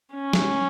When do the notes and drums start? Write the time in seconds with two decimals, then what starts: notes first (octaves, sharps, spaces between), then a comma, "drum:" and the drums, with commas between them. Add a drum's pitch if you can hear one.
0.14 C#4
0.33 drum: snare